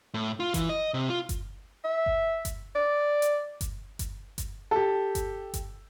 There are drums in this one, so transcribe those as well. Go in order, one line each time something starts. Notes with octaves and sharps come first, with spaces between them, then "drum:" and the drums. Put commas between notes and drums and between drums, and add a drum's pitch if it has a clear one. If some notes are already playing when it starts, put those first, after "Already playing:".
A2
F4
E3, drum: kick G1, hi-hat
D#5
C3
F4
drum: kick G1, hi-hat
E5
drum: kick G1
drum: kick G1, hi-hat
D5
drum: hi-hat
drum: kick G1, hi-hat
drum: kick G1, hi-hat
drum: kick G1, hi-hat
G4 A4
drum: kick G1, hi-hat
drum: kick G1, hi-hat